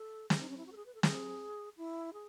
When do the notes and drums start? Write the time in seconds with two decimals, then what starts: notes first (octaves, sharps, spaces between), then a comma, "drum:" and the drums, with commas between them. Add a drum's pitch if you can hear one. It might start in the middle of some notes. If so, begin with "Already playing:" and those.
Already playing: A4
0.30 G#4, drum: snare
0.40 D#4
0.49 C#4
0.57 E4
0.67 F#4
0.72 A4
0.76 G#4
0.86 B4
0.95 A4
1.03 G#4, drum: snare
1.77 E4
2.13 G#4